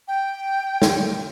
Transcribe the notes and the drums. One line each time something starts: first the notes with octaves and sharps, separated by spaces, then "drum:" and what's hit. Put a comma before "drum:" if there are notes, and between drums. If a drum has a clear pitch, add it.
G5
drum: snare